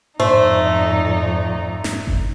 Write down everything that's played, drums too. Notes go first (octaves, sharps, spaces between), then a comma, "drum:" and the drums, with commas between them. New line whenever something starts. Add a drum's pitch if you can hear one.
F2 G#2 A3 D#4 C5 D5
drum: snare
drum: kick F#1